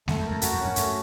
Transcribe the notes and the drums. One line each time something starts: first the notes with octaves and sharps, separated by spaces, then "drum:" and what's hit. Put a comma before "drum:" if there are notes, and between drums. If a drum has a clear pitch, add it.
F2 A3, drum: snare G#3
E2
A#4
F2
F2 F#4, drum: hi-hat
E2
C#4
F2
F#2 A3, drum: hi-hat